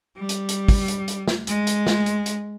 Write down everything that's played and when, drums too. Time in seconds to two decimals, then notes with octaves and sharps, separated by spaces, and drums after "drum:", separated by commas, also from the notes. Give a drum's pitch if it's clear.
0.17 G3
0.29 drum: hi-hat
0.49 drum: hi-hat
0.68 drum: kick, open hi-hat
0.88 drum: hi-hat
1.08 drum: hi-hat
1.28 drum: snare
1.47 G#3, drum: hi-hat
1.67 drum: hi-hat
1.87 drum: snare
2.06 drum: hi-hat
2.26 drum: hi-hat